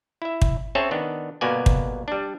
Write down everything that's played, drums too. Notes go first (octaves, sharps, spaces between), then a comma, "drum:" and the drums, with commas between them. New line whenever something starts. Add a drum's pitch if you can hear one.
E4 E5
drum: kick
C4 C#4 G#4 C#5 E5 A5
D#3 B3 D4
G1 B2 A#3 B3 D5 G#5
drum: kick
G3 D4